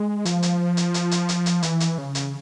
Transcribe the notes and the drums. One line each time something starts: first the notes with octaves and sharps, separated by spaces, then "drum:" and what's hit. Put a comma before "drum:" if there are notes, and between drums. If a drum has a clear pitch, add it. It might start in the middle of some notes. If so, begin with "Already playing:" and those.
Already playing: G#3
F3, drum: hi-hat
drum: hi-hat
drum: hi-hat
drum: hi-hat
drum: hi-hat
drum: hi-hat
drum: hi-hat
E3, drum: hi-hat
drum: hi-hat
C#3
drum: hi-hat